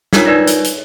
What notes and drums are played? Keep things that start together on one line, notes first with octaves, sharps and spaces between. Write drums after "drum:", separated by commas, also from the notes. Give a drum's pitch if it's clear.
D4 D#4 F4 A#4 C#5, drum: snare
D#4 B4 D5 G#6 A#6
C#5, drum: hi-hat
drum: hi-hat